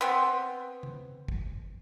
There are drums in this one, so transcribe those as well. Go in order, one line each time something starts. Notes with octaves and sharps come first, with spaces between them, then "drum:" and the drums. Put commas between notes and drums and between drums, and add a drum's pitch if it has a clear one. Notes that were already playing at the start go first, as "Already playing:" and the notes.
B3 C4
drum: tom C#3
drum: kick